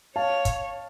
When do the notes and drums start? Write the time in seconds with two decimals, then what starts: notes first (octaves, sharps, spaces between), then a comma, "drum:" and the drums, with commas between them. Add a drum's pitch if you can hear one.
0.15 C#5 F5 A5
0.45 drum: kick F#1, hi-hat